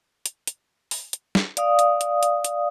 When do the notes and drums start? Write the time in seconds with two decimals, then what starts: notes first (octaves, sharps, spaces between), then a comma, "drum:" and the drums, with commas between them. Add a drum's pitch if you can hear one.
0.26 drum: hi-hat
0.47 drum: hi-hat
0.91 drum: open hi-hat
1.13 drum: hi-hat
1.35 drum: snare
1.57 D5 F5 D#6, drum: hi-hat
1.79 drum: hi-hat
2.01 drum: hi-hat
2.23 drum: hi-hat
2.45 drum: hi-hat